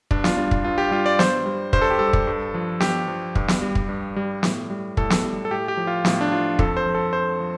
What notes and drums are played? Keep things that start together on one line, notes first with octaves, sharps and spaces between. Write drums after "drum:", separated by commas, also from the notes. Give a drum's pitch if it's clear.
G2 D4, drum: kick
F4, drum: snare
G3 D4
drum: kick
G2 F4
G4
G3 F4
D5
G2 C5, drum: snare
G3
G2 C5, drum: kick
A4
G4
G3 A4
drum: kick
G2
F3
G2 G4, drum: snare
F3
G2, drum: kick
drum: snare
G3
drum: kick
G2
G3
A2, drum: snare
G3
A2 A4, drum: kick
drum: snare
G3
A4
A2 G4
G4
F3
F4
A2, drum: snare
D4
F3 F4
F2 A4, drum: kick
C5
F3
A4
F2 C5
F3